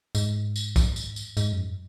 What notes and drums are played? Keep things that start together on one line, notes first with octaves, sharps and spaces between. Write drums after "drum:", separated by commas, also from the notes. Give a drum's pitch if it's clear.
G#2, drum: tambourine
drum: tambourine
drum: kick, tambourine
drum: tambourine
drum: tambourine
G#2, drum: tambourine
F#2